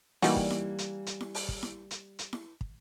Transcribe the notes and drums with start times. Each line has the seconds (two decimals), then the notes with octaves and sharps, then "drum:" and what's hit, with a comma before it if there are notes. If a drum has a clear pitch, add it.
0.22 E3 G3 A#3 D#4 F#4, drum: open hi-hat
0.36 drum: kick
0.50 drum: snare E4
0.78 drum: hi-hat
1.07 drum: hi-hat
1.21 drum: snare E4
1.35 drum: open hi-hat
1.49 drum: kick
1.63 drum: snare E4
1.91 drum: hi-hat
2.19 drum: hi-hat
2.33 drum: snare E4
2.61 drum: kick